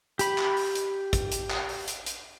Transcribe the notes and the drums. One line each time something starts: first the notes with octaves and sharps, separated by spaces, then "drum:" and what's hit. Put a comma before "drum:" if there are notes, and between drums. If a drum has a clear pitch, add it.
G4 B5, drum: hi-hat
drum: clap
drum: open hi-hat
drum: hi-hat
drum: kick, hi-hat
drum: hi-hat
drum: clap
drum: open hi-hat
drum: hi-hat
drum: hi-hat